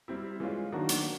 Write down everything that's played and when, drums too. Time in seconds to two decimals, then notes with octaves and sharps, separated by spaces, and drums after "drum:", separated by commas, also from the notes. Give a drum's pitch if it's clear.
0.08 G3 C4 E4
0.40 E3 G#3 C#4 F4
0.72 D#3 F#3 A#3 D4 F#4
0.89 drum: hi-hat